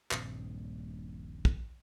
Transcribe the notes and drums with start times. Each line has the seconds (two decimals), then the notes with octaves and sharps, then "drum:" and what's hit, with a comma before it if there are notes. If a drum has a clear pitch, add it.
0.11 D#1 A#1 G2 C4, drum: clap
1.45 drum: kick